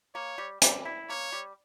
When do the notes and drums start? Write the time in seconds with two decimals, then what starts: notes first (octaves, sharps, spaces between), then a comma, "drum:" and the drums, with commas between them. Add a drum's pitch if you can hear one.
0.15 A#3 C#5
0.38 G3
0.62 G3, drum: hi-hat
0.85 E4
1.09 A#3 C#5
1.32 G3